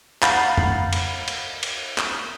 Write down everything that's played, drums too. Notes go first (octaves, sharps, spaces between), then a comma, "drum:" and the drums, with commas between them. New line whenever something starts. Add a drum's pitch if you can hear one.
F5 F#5 A#5 B5 G6 A6, drum: clap
drum: tom F2
drum: cymbal
drum: cymbal
drum: cymbal
drum: clap